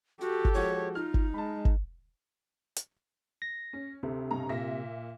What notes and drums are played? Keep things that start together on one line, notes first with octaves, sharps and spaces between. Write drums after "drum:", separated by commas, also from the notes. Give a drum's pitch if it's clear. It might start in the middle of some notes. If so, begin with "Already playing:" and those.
F#4 G4 A4
drum: kick G1
F3 G#3 F#4 C#5
D#4 F4 F6
drum: kick G1
G#3 A5 B5
drum: kick G1
drum: hi-hat
A#6
C#4
D2 C3
G2 B2 A#5
A#2 E5 A#6